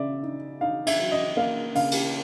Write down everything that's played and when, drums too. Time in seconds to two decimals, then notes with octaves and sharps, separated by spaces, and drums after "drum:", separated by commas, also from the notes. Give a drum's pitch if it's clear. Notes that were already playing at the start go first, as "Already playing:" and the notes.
Already playing: C#3 D5 E5
0.23 D#4
0.61 D#4 F5
0.87 E5, drum: cymbal
0.99 F#3
1.12 D#5
1.37 A#3 F5
1.75 C#3 F5, drum: open hi-hat
1.91 drum: cymbal